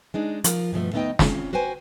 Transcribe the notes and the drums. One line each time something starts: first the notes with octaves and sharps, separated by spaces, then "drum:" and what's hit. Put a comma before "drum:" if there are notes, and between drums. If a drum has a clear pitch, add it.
G#3 D4 D#4
F3 F4 A#4, drum: hi-hat
G2 B2 F3 A3
D2 A3 B3 D#4 D#5 G5
C4 C#4 F4, drum: snare
F#4 B4 C5 G5 G#5